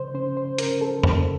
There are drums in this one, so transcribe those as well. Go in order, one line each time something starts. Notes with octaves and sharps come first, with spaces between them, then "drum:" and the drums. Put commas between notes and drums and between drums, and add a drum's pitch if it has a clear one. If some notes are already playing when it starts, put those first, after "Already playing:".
Already playing: C#3 C5
C#4 C5
C5
C#4 A#4, drum: hi-hat
A4
C#3 A4, drum: tom E2